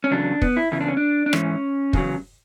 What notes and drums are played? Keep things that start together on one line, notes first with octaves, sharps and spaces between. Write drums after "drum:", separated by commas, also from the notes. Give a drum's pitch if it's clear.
C#4
E2 C#3 F#3 D4
B3, drum: kick
E4
E2 C#3 E4
D4
C#4
D4
D4
G#2 E3 C#4, drum: rim click
E2 C#3 F#3, drum: kick